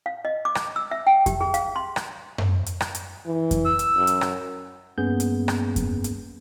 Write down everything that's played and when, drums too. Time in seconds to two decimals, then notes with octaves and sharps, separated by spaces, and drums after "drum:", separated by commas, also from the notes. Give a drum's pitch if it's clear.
0.06 F5
0.25 D#5
0.45 D6
0.55 drum: rim click
0.76 E6
0.91 E5
1.07 G5
1.26 G4, drum: kick F2, hi-hat
1.41 G#4
1.54 F5, drum: hi-hat
1.76 C6
1.96 drum: rim click
2.38 drum: tom F#2
2.66 drum: hi-hat
2.81 drum: rim click
2.95 drum: hi-hat
3.27 E3
3.51 drum: kick F2, hi-hat
3.65 E6
3.79 drum: hi-hat
3.96 F#2
4.07 drum: hi-hat
4.21 drum: rim click
4.98 G2 A#3 B3 C#4 G#4 G6
5.20 drum: hi-hat
5.48 drum: rim click
5.76 drum: kick F2, hi-hat
6.04 drum: hi-hat